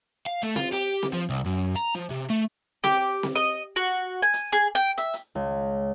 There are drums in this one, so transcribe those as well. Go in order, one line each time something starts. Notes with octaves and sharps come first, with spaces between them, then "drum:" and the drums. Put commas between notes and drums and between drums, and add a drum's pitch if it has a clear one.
F5
A3
F4, drum: snare C4
G4, drum: hi-hat
drum: snare C4
F3
C2
F#2
A#5
F3
C3
A3
G4, drum: snare C4
drum: snare C4
D#5
F#4
G#5
drum: hi-hat
G#4
G5
E5, drum: hi-hat
drum: hi-hat
C#2